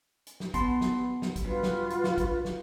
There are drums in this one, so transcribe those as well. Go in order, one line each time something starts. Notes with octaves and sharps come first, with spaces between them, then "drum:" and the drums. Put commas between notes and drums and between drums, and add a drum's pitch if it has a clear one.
drum: hi-hat
drum: snare
B3 A5 C6, drum: kick, hi-hat
drum: snare
drum: snare
drum: kick, hi-hat
G2 F4 F#4 B4
drum: snare
drum: hi-hat
drum: snare
drum: kick, hi-hat
drum: snare